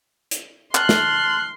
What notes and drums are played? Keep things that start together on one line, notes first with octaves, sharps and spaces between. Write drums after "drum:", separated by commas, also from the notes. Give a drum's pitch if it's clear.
drum: hi-hat
A5 C6 F6 F#6, drum: clap
drum: snare